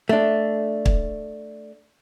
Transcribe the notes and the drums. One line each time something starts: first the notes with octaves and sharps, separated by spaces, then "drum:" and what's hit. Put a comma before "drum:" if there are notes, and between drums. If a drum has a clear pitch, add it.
A3 D4
drum: kick